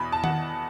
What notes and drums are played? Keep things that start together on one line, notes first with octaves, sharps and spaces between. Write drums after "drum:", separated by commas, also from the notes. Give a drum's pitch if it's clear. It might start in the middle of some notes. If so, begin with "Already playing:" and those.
Already playing: E2 B2 B5
A5
F#5, drum: tom D#3